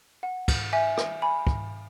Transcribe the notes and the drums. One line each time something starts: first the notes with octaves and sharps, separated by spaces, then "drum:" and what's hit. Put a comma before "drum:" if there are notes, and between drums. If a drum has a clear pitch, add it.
F#5
drum: kick, cymbal
E5 G#5
drum: rim click
G#5 B5
drum: kick